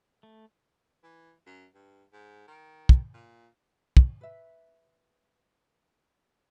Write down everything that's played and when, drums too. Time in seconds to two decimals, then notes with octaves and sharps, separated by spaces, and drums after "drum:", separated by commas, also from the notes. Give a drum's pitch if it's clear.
0.23 A3
1.03 E3
1.46 F#2
1.74 G2
2.13 G#2
2.48 D#3
2.89 drum: kick
3.14 A#2
3.97 drum: kick
4.21 B4 E5